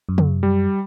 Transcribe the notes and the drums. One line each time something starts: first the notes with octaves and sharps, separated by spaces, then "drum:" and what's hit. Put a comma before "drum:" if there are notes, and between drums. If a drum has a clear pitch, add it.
F#2
drum: tom
G3